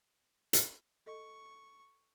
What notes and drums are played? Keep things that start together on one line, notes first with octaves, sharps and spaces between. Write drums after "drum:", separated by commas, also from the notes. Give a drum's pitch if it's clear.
drum: hi-hat
A4 D#5 C#6